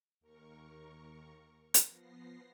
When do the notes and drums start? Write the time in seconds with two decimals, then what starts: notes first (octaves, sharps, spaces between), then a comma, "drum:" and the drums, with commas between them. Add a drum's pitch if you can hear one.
0.20 D#2 A#4 C#6
1.74 drum: hi-hat
1.88 F3 B3 A#6 C7